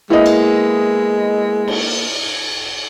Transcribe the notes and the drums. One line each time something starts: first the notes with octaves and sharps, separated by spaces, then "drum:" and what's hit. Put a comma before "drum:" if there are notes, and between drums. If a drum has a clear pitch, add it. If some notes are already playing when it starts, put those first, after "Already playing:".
G#3 A#3 B3 E4 D#5
drum: cymbal
drum: cymbal